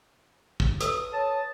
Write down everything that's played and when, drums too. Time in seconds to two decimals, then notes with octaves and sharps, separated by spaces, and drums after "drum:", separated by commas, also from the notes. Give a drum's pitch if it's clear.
0.60 drum: kick
0.81 A4 B4 D#6 E6, drum: hi-hat
1.13 C#5 A5